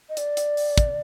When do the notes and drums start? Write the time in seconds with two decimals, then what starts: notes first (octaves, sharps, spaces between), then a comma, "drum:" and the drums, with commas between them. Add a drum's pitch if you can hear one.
0.09 D#5
0.17 D5, drum: hi-hat
0.37 drum: hi-hat
0.57 drum: open hi-hat
0.78 drum: kick, hi-hat